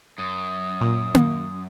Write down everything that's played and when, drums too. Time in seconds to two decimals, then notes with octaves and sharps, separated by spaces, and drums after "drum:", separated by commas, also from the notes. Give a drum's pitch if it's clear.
0.18 F#2 D#6
0.81 A#2
1.14 drum: tom A#3